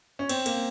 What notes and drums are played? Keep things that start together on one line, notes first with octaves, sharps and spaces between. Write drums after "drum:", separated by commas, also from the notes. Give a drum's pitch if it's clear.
C#4
C4, drum: cymbal
A#3, drum: cymbal